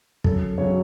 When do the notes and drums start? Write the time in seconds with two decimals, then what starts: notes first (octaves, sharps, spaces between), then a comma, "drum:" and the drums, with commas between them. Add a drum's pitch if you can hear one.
0.24 F#2 A4, drum: kick
0.58 C#3 F#3 C#5